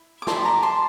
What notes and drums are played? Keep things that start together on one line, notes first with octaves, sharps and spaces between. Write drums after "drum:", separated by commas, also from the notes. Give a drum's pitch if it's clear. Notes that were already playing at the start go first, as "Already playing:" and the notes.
Already playing: E4
D6
E4 G4 A#4 D5 A5 C6, drum: snare
A#5 D6
A5 C6